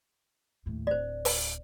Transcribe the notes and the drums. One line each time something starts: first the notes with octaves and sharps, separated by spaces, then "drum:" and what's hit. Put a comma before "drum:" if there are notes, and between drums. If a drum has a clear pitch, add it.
D#2 A2
D1 C5 D5
drum: open hi-hat